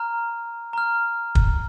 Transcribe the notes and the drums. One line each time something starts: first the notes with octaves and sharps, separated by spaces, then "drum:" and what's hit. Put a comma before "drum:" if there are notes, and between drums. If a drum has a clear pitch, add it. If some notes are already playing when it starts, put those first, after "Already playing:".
Already playing: A#5 F6
A#5 F6
drum: kick